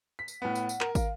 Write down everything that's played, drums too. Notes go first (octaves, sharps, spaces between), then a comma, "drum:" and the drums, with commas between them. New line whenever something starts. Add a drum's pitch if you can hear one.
B6
drum: tambourine
A2 B3 F#5
drum: tambourine
drum: tambourine
A#4, drum: clap
F5, drum: kick, tambourine